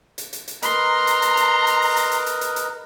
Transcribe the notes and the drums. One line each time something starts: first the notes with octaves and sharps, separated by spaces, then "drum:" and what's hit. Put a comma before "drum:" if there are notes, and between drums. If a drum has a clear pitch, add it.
drum: hi-hat
drum: hi-hat
drum: hi-hat
A#4 B4 D#5 A#5 C6, drum: hi-hat
drum: hi-hat
drum: hi-hat
drum: hi-hat
drum: hi-hat
drum: open hi-hat
drum: hi-hat
drum: hi-hat
drum: hi-hat
drum: hi-hat
drum: hi-hat